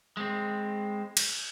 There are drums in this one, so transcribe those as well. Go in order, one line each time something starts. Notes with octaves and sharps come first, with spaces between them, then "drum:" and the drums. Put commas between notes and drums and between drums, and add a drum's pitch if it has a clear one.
G#3 C4
drum: cymbal